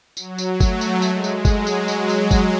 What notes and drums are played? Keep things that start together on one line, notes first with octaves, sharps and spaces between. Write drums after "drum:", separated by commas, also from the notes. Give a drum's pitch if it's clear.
F#3, drum: tambourine
drum: tambourine
A3, drum: kick G1, tambourine
drum: tambourine
G#3, drum: tambourine
drum: tambourine
F#3, drum: kick G1, tambourine
drum: tambourine
drum: tambourine
drum: tambourine
drum: kick G1, tambourine